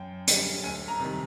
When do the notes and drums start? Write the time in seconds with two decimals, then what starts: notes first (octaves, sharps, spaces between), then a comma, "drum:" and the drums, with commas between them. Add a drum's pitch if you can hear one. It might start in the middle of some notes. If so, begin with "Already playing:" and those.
Already playing: F#2 G5
0.28 D3 G3, drum: hi-hat
0.64 D2 G#5
0.88 A#5
1.00 C3 D#3 G3